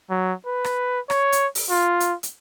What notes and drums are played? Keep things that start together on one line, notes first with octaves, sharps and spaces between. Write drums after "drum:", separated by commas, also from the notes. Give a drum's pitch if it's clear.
F#3
B4
drum: rim click
C#5, drum: rim click
drum: hi-hat
drum: open hi-hat
F4
drum: hi-hat
drum: hi-hat